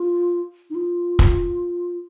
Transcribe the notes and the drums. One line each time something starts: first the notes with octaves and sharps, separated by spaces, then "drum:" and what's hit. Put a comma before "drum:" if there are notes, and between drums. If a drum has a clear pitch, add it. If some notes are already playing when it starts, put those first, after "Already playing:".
Already playing: F4
D#4
F4
drum: kick